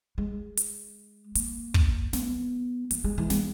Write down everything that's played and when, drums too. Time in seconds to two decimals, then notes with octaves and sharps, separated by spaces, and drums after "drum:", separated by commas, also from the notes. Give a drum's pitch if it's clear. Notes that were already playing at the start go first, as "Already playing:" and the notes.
0.18 G#3
0.57 drum: hi-hat
1.35 A#3, drum: hi-hat
1.74 drum: kick
2.13 B3, drum: snare
2.91 A#3, drum: hi-hat
3.04 G#3
3.18 E3
3.30 G#3, drum: snare